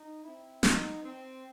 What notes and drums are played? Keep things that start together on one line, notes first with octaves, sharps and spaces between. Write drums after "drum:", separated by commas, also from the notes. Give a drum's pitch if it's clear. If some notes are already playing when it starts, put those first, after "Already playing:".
Already playing: D#4
C4 E4
B3 D#4, drum: snare
C4